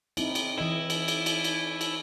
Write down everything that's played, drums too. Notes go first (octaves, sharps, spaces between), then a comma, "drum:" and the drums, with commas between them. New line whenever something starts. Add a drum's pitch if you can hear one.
C4 D#4 E4, drum: cymbal
drum: cymbal
E3 E4 D#5
drum: cymbal
drum: cymbal
drum: cymbal
drum: cymbal
drum: cymbal